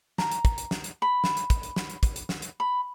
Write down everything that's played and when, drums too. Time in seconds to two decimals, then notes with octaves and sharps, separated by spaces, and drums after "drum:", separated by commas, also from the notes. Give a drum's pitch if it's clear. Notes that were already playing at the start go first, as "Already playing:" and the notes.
0.18 A#5, drum: snare
0.32 drum: hi-hat
0.45 drum: kick, hi-hat
0.58 drum: hi-hat
0.71 drum: snare
0.84 drum: hi-hat
1.02 B5
1.24 drum: snare
1.37 drum: hi-hat
1.50 drum: kick, hi-hat
1.63 drum: hi-hat
1.76 drum: snare
1.90 drum: hi-hat
2.03 drum: kick, hi-hat
2.16 drum: hi-hat
2.29 drum: snare
2.42 drum: hi-hat
2.60 B5